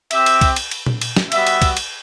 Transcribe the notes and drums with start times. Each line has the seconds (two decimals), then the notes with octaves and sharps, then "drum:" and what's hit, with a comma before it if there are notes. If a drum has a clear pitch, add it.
0.11 C4 G4 E5, drum: cymbal
0.26 drum: cymbal
0.41 drum: kick C2, cymbal
0.56 drum: cymbal
0.71 drum: cymbal
0.86 drum: tom A#2
1.01 drum: cymbal
1.17 drum: snare
1.32 G3 B3 F#4 E5, drum: cymbal
1.47 drum: cymbal
1.62 drum: kick C2, cymbal
1.77 drum: cymbal